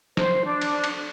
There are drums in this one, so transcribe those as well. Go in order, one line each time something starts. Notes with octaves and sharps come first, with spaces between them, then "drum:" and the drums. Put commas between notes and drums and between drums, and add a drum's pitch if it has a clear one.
C5, drum: snare
D4
drum: cymbal
drum: cymbal